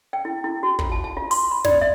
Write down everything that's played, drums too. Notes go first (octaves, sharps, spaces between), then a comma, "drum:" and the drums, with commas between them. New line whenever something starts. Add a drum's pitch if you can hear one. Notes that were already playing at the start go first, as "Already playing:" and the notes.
G5
E4
E4
F#4
F4, drum: kick
A5
A5
F4
C6, drum: open hi-hat
B5
D5, drum: snare
E5